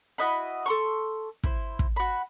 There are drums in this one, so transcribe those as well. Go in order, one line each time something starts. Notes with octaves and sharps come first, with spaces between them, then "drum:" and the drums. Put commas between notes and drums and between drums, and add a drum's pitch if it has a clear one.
E4 F#4 D#5 B5
A4 C6 C#6
E4 C5, drum: kick
drum: kick
F#4 B5